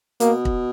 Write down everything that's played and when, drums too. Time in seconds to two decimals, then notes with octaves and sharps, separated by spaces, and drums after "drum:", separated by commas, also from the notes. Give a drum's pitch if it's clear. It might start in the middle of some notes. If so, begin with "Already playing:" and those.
0.20 B2 A#3, drum: hi-hat
0.45 drum: kick